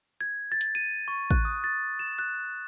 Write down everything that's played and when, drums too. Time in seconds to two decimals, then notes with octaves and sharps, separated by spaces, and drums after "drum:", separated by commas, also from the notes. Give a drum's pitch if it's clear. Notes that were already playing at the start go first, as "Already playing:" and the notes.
0.21 G#6
0.52 A6
0.61 drum: hi-hat
0.75 D#7
1.08 C#6
1.31 F#6, drum: kick A1
1.45 D#6
1.64 A6
1.99 E7
2.19 F#6